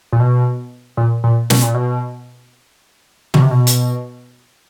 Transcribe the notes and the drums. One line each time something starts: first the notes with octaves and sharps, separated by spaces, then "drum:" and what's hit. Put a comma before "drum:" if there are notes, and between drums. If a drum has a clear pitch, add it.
A#2
B2
A#2
A#2
B2, drum: snare
A#2
B2
B2, drum: tom
C3
B2
drum: hi-hat